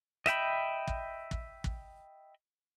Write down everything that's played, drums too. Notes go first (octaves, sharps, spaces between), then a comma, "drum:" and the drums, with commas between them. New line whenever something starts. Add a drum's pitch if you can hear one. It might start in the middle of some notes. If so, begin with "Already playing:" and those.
D#5 E5 G5 B5, drum: rim click
drum: kick
drum: kick
drum: kick